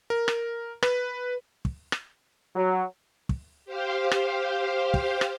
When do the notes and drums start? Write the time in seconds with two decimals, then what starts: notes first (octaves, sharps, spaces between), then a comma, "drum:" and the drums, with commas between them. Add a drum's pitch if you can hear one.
0.10 A#4
0.28 drum: rim click
0.83 B4, drum: rim click
1.65 drum: kick
1.92 drum: rim click
2.56 F#3
3.29 drum: kick
3.65 G4 C5 F5
4.11 drum: rim click
4.94 drum: kick
5.21 drum: rim click